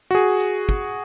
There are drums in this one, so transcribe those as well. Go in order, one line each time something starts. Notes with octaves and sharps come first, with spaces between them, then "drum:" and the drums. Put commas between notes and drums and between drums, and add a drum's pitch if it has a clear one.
F#4 G#4
drum: hi-hat
drum: kick